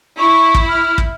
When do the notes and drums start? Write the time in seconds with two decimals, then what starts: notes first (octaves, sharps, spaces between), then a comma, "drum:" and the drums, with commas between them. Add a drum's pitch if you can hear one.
0.19 E4 C#6
0.55 drum: kick
0.69 F6
0.98 drum: kick